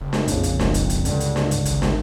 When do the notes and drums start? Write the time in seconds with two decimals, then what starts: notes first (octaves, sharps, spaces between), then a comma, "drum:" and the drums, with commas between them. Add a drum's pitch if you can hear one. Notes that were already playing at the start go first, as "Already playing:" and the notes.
0.01 F#1
0.13 drum: snare
0.28 A#1 F2 C#3, drum: hi-hat
0.43 drum: hi-hat
0.59 E1, drum: snare
0.74 drum: hi-hat
0.90 drum: hi-hat
1.05 C#2 G2 D3, drum: hi-hat
1.20 drum: hi-hat
1.36 drum: snare
1.51 drum: hi-hat
1.65 G#1, drum: hi-hat
1.82 drum: snare